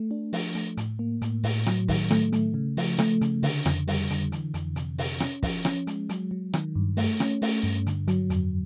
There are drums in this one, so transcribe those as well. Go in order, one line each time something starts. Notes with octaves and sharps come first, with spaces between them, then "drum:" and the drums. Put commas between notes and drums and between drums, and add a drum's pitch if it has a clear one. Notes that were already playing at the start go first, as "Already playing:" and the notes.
Already playing: A3
D4
F3, drum: open hi-hat
A3, drum: hi-hat
A2, drum: hi-hat
A#3
A2, drum: hi-hat
A2, drum: open hi-hat
F#3, drum: rim click
D#3, drum: kick, open hi-hat
A3, drum: rim click
A3, drum: hi-hat
C#3
F3, drum: open hi-hat
A3, drum: rim click
C#3, drum: hi-hat
D3, drum: open hi-hat
F2, drum: rim click
G3, drum: open hi-hat
D3, drum: hi-hat
E3, drum: hi-hat
F2, drum: hi-hat
C3, drum: hi-hat
C3, drum: open hi-hat
C#4, drum: rim click
F3, drum: kick, open hi-hat
C#4, drum: rim click
G#3, drum: hi-hat
F#3, drum: hi-hat
F#3
D#3, drum: rim click
G2
A3, drum: open hi-hat
C#4, drum: rim click
A3, drum: open hi-hat
G2
D3, drum: hi-hat
F#3, drum: hi-hat
F2, drum: hi-hat